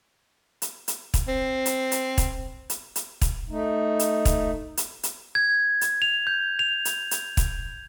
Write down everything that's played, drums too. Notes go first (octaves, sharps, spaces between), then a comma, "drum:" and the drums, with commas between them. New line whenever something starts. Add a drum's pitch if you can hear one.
drum: hi-hat
drum: hi-hat
drum: kick, hi-hat
C4
drum: hi-hat
drum: hi-hat
drum: kick, hi-hat
drum: hi-hat
drum: hi-hat
drum: kick, hi-hat
A3 D#4
drum: hi-hat
drum: kick, hi-hat
drum: hi-hat
drum: hi-hat
G#6
drum: hi-hat
F7
G6
F7
drum: hi-hat
drum: hi-hat
drum: kick, hi-hat